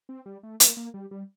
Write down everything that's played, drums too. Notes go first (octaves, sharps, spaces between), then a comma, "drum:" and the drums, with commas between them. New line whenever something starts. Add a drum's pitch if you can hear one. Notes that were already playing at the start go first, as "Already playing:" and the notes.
C4
G3
A3
A#3, drum: hi-hat
A#3
G3
G3